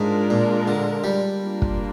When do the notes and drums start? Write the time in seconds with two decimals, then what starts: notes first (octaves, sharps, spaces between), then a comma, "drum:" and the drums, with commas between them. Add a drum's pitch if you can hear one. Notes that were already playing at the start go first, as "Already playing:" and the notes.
Already playing: G#2 G#3 D4 F4 A#4
0.30 A#2
0.67 D3
1.04 G3
1.41 A#3 D4 F4 A#4
1.62 drum: kick